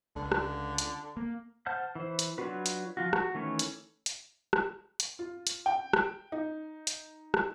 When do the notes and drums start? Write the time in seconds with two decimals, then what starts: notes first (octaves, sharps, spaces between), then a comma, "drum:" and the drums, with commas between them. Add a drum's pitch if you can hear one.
0.16 C#2 D3
0.32 drum: rim click
0.78 drum: hi-hat
1.17 A#3
1.66 C5 F#5 A5 F6 G6
1.95 E3 C5
2.19 drum: hi-hat
2.38 F#3 D4 F4 F#4 B4
2.66 drum: hi-hat
2.97 F3 F4 F#4
3.13 F#4, drum: rim click
3.35 D#3 E3 A3 C#4 C#5
3.59 drum: hi-hat
4.06 drum: hi-hat
4.53 drum: rim click
5.00 drum: hi-hat
5.19 F4
5.47 drum: hi-hat
5.66 G5
5.93 drum: rim click
6.32 D#4
6.87 drum: hi-hat
7.34 drum: rim click